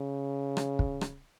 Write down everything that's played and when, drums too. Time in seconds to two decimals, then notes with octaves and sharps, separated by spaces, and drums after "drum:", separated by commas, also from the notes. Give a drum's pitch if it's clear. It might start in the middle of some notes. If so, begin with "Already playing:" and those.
Already playing: C#3
0.57 drum: rim click
0.79 drum: kick
1.01 drum: rim click